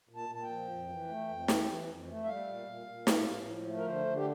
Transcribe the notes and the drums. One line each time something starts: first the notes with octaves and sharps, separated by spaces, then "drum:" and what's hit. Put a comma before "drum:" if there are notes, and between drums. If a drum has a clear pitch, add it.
A#2
A5
A#2
A5
G5
F3
F2
E3
A3
F2
E3, drum: snare
E3
F2
A3
E5
G3 F5
A#2
A#2
A#2
A2, drum: snare
A2
F3
A3
A#4
D3 C5
D3
G4